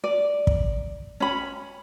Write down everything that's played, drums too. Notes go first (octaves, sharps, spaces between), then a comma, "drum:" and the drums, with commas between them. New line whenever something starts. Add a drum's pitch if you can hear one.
D5
drum: kick
C#4 B5